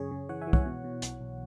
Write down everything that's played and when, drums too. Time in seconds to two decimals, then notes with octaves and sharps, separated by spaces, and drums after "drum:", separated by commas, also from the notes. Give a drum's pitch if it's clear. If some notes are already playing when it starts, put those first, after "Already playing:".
Already playing: F#2 C#3 G#4 C#5
0.11 C#3
0.29 E3 C#5 F#5
0.41 E5 G#5
0.47 E3
0.53 C#5 F#5, drum: kick
0.66 B2
0.84 B2
1.02 B1, drum: hi-hat
1.21 B1